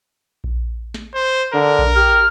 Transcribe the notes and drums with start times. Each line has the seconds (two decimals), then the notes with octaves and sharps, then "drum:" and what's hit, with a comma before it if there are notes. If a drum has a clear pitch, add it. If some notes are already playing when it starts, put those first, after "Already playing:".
0.44 drum: kick A#1
0.94 drum: snare
1.14 C5
1.54 D3 A#4
1.79 drum: kick A#1
1.96 G4 F6